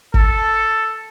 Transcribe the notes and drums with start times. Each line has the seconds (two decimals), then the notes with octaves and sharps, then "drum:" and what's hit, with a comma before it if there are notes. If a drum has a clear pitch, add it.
0.14 A4, drum: kick